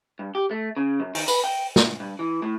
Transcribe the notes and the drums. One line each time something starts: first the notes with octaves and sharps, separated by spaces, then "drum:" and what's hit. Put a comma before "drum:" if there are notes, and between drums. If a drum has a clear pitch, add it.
G2
G4
A3
C#3
F#2
D#3, drum: open hi-hat
B4, drum: tambourine
G5
D2, drum: snare
G2
E3
A2